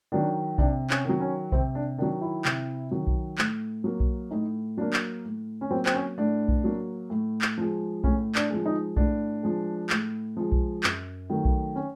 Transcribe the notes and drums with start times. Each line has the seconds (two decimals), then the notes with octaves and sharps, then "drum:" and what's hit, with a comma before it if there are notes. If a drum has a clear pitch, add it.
0.12 D#3 F#3 D4
0.58 C3 D4, drum: kick B1
0.90 C#4, drum: clap
1.05 D#3 F#3
1.20 C#4
1.52 C3 C4, drum: kick B1
1.75 D4
1.98 D#3 F#3 D4
2.21 E4
2.45 C3, drum: clap
2.91 D#3 F#3
3.07 drum: kick B1
3.38 A2, drum: clap
3.84 F#3 A#3
4.00 drum: kick B1
4.31 A2 D#4
4.77 F#3 A#3 D4
4.93 drum: clap
5.25 A2
5.61 C#4
5.71 F#3 A#3 C4
5.86 C4, drum: clap
5.94 C#4
6.18 A2 D4
6.48 drum: kick B1
6.64 F#3 A#3
7.10 A2
7.42 drum: clap
7.58 F3 G#3
8.04 A2 C#4, drum: kick B1
8.35 D4, drum: clap
8.50 F3 G#3
8.66 D#4
8.97 A2 D4, drum: kick B1
9.43 F3 G#3
9.90 A2, drum: clap
10.37 F3 G#3
10.52 drum: kick B1
10.83 F#2, drum: clap
11.30 D#3 F#3 A3
11.45 drum: kick B1
11.76 C#4